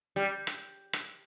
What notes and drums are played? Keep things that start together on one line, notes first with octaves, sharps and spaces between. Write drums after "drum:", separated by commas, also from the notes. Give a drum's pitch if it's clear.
G3
drum: rim click
drum: rim click